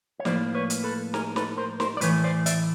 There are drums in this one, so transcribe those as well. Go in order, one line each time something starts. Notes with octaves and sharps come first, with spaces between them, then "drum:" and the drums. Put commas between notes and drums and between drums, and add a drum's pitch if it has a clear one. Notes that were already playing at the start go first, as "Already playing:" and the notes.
C#5
A2 F3 A#3 C5 D5, drum: snare
B4 C#5
drum: hi-hat
A4 B4
G#4 A#4, drum: snare
A4 B4, drum: snare
A#4 C5
A#4 C5, drum: snare
D5
A2 E3 A3 B4 C#5, drum: hi-hat
C5 D5
D5 E5, drum: hi-hat